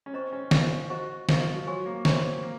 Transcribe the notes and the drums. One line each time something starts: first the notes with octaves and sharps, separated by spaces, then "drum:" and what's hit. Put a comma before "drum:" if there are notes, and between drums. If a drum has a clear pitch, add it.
C#4
C4 C5 D#5 A#5 C#6
C#4
F4 C5 D#5 A#5 C#6, drum: snare
F#4 C5 D#5 A#5 C#6
F4 C5 D#5 A#5 C#6, drum: snare
F#3
F3
F#3 F#4 C#5 G#5 C#6
A#3
C4 F#4 C#5 G#5 C#6, drum: snare
A#3